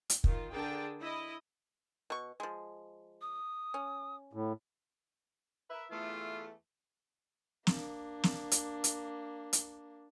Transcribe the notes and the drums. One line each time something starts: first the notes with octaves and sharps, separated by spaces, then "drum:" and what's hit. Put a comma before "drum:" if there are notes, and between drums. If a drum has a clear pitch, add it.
drum: hi-hat
D#3 F4, drum: kick
D3 D4 G#4 A#4 G5 A5
E4 D#5
B2 C#6
F3 G#3
D#6
C#4
A2
A#4 B4 E5
E2 E3 A3 F4
A#3 D4, drum: snare
drum: snare
drum: hi-hat
drum: hi-hat
drum: hi-hat